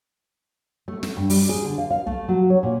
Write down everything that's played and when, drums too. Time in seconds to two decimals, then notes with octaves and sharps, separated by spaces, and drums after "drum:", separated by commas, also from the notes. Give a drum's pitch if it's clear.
0.88 A3
1.03 A3, drum: snare
1.17 G2
1.30 G3, drum: open hi-hat
1.49 G#4
1.64 D3
1.78 F5
1.91 F5
2.06 A3, drum: kick
2.28 F#3
2.50 C#5
2.63 A#2